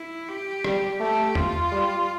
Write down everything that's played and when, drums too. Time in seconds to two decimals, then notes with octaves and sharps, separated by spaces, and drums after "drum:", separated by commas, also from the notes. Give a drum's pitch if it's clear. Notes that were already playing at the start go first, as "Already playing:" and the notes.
Already playing: E4
0.29 G4
0.64 G3, drum: rim click
1.00 A3 G4
1.35 F4, drum: tom
1.72 G3